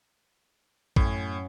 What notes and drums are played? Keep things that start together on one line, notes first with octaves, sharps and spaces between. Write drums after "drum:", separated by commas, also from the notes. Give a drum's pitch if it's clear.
F#2 A2, drum: kick